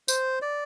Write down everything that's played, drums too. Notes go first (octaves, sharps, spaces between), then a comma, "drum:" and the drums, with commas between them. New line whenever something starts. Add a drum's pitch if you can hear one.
C5, drum: tambourine
D5